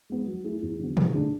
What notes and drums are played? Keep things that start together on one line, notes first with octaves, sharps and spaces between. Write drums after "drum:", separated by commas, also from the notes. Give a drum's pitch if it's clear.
G#3 B3
F#3
A3 E4 G#4
E2
D3 F#3 B3
E2, drum: tom
D3 A3 D4 G#4